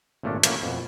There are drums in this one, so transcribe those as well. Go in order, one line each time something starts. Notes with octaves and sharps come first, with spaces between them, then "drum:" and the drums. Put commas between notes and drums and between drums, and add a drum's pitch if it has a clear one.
G#1 A#2 A3 C#4 D4
E3 F#3 A3 A#3 C#4 B4, drum: hi-hat
F2 B2